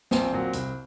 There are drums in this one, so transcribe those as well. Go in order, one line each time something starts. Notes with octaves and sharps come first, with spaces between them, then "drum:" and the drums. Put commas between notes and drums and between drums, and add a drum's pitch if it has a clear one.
A#1 C4, drum: snare
A#2 F#3
C2, drum: hi-hat